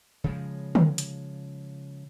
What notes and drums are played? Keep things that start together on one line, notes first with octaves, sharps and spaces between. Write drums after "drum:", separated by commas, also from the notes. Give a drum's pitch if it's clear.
C#3 F3 G#3
drum: tom D3
drum: hi-hat